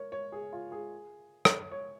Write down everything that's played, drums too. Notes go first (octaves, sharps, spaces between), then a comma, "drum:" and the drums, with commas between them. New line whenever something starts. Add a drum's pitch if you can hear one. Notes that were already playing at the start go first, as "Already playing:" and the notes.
Already playing: A#4 C#5
C#5
G#4
F4
G#4
drum: rim click
C#5